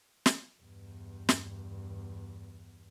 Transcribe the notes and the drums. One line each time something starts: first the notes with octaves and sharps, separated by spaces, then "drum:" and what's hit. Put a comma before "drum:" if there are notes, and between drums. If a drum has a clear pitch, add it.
drum: snare
E2 G2
drum: snare